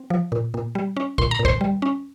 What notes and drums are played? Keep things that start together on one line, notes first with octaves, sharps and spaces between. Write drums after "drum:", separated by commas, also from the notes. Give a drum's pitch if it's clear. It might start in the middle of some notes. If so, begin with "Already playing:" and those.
Already playing: C4
F3
A#2
A#2
G3
C#4
A#2 C6, drum: kick
A#5
A#2
C5 C6, drum: kick
G3
C#4